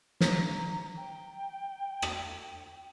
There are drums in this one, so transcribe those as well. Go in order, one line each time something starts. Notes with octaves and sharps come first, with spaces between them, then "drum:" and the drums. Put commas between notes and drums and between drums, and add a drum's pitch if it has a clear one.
A#5, drum: snare
G5
drum: rim click